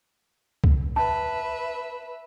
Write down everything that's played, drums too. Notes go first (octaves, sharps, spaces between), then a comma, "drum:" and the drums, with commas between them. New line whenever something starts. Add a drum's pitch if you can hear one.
drum: kick
B4 E5 A5